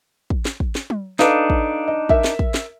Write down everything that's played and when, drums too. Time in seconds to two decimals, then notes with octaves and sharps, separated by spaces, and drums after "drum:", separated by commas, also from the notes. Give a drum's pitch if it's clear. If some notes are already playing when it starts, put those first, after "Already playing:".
0.30 drum: kick
0.45 drum: snare
0.60 drum: kick
0.75 drum: snare
0.90 drum: tom
1.19 D4 D#4 A4 B4 F5, drum: snare
1.50 drum: kick
1.88 D#5
2.09 A#4 E5, drum: kick
2.24 drum: snare
2.39 drum: kick
2.54 drum: snare